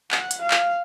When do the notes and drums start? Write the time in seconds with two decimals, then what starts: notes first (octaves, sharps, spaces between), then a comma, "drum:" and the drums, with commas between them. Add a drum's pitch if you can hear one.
0.11 F#5, drum: clap
0.31 drum: hi-hat
0.41 F5
0.51 drum: clap